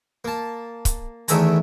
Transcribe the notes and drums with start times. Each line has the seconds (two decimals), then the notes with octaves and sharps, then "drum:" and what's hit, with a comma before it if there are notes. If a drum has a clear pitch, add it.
0.25 A#3 A5
0.85 drum: kick C#1, hi-hat
1.28 E2 D#3 A3 E5 G#5 A#5, drum: hi-hat